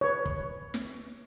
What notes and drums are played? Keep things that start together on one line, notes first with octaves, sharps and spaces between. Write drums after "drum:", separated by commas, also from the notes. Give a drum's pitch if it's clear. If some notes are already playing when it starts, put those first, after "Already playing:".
B4 C#5
drum: kick
drum: snare